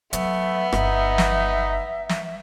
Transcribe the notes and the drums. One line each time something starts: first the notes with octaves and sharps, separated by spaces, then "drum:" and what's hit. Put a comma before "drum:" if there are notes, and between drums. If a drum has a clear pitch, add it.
F#3 A3 B3 E5, drum: hi-hat
G1 D#4, drum: rim click
drum: snare
drum: snare